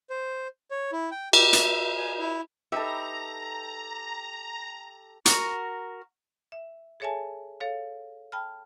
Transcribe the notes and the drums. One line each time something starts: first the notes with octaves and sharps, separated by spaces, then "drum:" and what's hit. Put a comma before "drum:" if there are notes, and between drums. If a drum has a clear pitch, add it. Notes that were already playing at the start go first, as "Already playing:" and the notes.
C5
C#5
E4
G5
G4, drum: cymbal
E5, drum: hi-hat
G#5
E4
D#4 G4 A4 B4 E5 A#5
F#4 A#4, drum: hi-hat
E5
G#4 A4 C#5 E5 G#5 A5
A4 C#5 F5
G5 A5 B5 F6